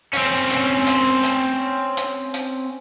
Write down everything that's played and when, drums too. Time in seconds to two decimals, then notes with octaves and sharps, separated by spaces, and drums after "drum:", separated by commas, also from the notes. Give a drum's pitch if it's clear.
0.13 C4 C#4, drum: hi-hat
0.50 drum: hi-hat
0.87 drum: hi-hat
1.23 drum: hi-hat
1.97 drum: hi-hat
2.34 drum: hi-hat